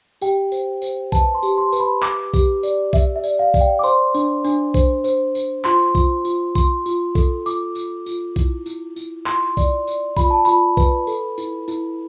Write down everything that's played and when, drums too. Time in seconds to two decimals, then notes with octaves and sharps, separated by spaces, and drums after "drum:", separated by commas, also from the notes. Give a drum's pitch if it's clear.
0.22 G4 G5, drum: tambourine
0.52 C5, drum: tambourine
0.82 C5, drum: tambourine
1.12 B4 A5, drum: kick B1, tambourine
1.35 C6
1.43 G4, drum: tambourine
1.58 C6
1.72 B4, drum: tambourine
1.80 B5
2.02 B4 D6, drum: clap
2.34 G4, drum: kick B1, tambourine
2.63 D5, drum: tambourine
2.93 D5 E5, drum: kick B1, tambourine
3.16 E5
3.24 D5, drum: tambourine
3.39 F5
3.54 D5, drum: kick B1, tambourine
3.61 G5
3.79 D6
3.84 C5 C6, drum: tambourine
4.14 D4, drum: tambourine
4.44 D4, drum: tambourine
4.74 C5, drum: kick B1, tambourine
5.04 C5, drum: tambourine
5.35 C5, drum: tambourine
5.65 F4 C6, drum: clap
5.95 F4, drum: kick B1, tambourine
6.25 F4, drum: tambourine
6.55 F4 C6, drum: kick B1, tambourine
6.86 F4, drum: tambourine
7.15 A4, drum: kick B1, tambourine
7.46 F4 D6, drum: tambourine
7.75 F4, drum: tambourine
8.06 F4, drum: tambourine
8.36 E4, drum: kick B1, tambourine
8.66 E4, drum: tambourine
8.96 E4, drum: tambourine
9.26 F4 C6, drum: clap
9.57 D5, drum: kick B1, tambourine
9.87 D5, drum: tambourine
10.17 F4 B5, drum: kick B1, tambourine
10.30 A5
10.45 F4 B5, drum: tambourine
10.77 B4, drum: kick B1, tambourine
11.07 A4, drum: tambourine
11.38 E4, drum: tambourine
11.68 E4, drum: tambourine